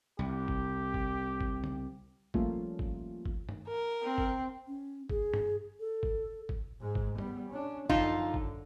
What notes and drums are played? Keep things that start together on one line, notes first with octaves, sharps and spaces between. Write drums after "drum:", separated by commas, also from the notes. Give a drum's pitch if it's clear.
C2 G4
drum: kick
drum: kick
drum: kick
drum: tom
F3 G3 A3 A#3 C#4 F4, drum: kick
drum: kick
drum: kick
drum: tom G2
A#4
C4
drum: kick
C#4
G#4, drum: kick
drum: tom G2
A4
drum: kick
drum: kick
G#2 G#3
drum: kick
G3 B3, drum: tom G2
C#4 D4
F#2 D3 F3 D#4 F4, drum: kick
drum: kick